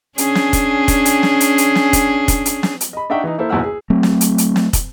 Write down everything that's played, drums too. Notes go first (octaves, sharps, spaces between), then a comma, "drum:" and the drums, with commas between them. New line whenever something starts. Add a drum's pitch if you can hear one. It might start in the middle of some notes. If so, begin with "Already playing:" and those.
C#4 D4 G#4, drum: hi-hat
drum: snare
drum: kick, hi-hat
drum: kick, hi-hat
drum: hi-hat
drum: snare
drum: hi-hat
drum: hi-hat
drum: snare
drum: kick, hi-hat
drum: kick, hi-hat
drum: hi-hat
drum: snare
drum: hi-hat
D#5 B5
D4 D#4 E5 F#5 G5 C#6
E3 D#4
A#3 E4 A4 C5
F#1 B1 E2 E4 F#5 E6
G#4
F#3 A3 C4
drum: snare
drum: hi-hat
drum: hi-hat
drum: snare
drum: kick, hi-hat